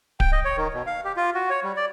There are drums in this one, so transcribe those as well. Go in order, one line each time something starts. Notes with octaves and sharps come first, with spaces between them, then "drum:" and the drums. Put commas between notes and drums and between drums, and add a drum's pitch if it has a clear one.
G5, drum: kick D1
D#5
C#5
D#3
B2
F5
G4
F4
F#4
C#5
G3
D5